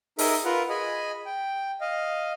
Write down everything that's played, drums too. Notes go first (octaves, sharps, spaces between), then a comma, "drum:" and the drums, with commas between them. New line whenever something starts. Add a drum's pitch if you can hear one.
D#4 G#4 A#4 E5, drum: open hi-hat
F4 A#4 B4 F#5 A#5
G#4 D#5 G#5 B5
G5
D#5 F5